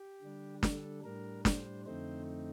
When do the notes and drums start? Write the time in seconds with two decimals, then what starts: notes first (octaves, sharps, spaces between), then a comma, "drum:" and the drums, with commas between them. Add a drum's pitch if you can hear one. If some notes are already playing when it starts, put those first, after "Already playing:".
Already playing: G4
0.22 D3 G3 D4
0.63 A4, drum: snare
1.04 A2 G3 D4 A#4
1.45 C5, drum: snare
1.86 F2 D3 A3 C4 D#4 C5